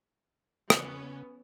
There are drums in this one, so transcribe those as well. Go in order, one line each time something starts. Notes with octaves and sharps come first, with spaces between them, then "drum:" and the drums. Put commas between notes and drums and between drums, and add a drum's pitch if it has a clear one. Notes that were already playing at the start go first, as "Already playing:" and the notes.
C#3 B3 C#4, drum: rim click